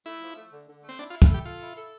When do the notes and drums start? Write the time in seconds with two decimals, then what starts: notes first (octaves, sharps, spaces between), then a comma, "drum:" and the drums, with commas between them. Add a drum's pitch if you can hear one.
0.06 A3 E4
0.21 F3
0.36 A3
0.52 D3
0.68 D3
0.84 A3
0.89 C4
0.99 D4 E4
1.10 F4
1.14 E4
1.22 F4, drum: kick
1.30 G4 A4
1.45 F4 A4
1.61 E4
1.77 A4